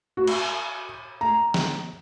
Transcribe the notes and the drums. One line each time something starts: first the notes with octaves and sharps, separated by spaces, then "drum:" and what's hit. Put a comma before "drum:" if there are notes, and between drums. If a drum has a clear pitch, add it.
F#4
drum: cymbal
A#5
drum: snare